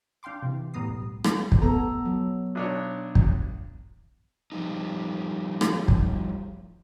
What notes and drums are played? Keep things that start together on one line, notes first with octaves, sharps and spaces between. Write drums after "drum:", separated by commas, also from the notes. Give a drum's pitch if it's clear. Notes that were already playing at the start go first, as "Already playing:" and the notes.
D4 F5 G5 C6 D6
C3 E3
A2 G3 B3 A#5 D#6 C7
B1
drum: rim click
drum: kick
B3 A4 A#5
F#3
B1 D4 C#5
drum: kick
F3 G3 D#4
drum: rim click
drum: kick